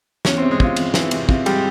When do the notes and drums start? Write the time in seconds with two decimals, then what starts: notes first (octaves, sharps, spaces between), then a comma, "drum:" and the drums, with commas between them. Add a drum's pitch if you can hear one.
0.25 E2 C#4 C#5, drum: snare
0.38 C3 C4 C5
0.51 G#3 G#4
0.60 C3 F4, drum: kick
0.76 C3, drum: cymbal
0.94 E3, drum: snare
1.11 C3, drum: cymbal
1.29 C3 F4, drum: kick
1.46 G3 G#3 G4, drum: cymbal